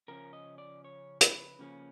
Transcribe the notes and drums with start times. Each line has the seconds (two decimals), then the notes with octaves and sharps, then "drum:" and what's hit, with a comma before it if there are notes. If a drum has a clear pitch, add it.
0.08 C#3 F3 C#4 A#4
0.33 D#5
0.58 D5
0.84 C#5
1.21 B4, drum: hi-hat
1.59 C#3 F3 A#3 C#4